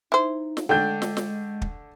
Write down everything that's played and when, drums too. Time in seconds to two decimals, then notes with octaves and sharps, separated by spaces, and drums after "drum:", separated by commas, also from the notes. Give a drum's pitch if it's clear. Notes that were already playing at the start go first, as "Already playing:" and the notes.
0.12 D#4 E4 C5
0.57 drum: snare
0.69 D3 G#3 A3 D4 G5 G6
1.02 drum: snare
1.17 drum: snare
1.62 drum: kick